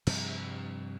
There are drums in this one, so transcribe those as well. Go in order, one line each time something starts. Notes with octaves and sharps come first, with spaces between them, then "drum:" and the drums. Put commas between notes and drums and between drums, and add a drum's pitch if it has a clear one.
G2 C3 F3 G3, drum: cymbal